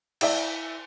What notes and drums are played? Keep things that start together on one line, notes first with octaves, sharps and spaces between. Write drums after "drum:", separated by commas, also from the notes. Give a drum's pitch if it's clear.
E4 D5 E5, drum: cymbal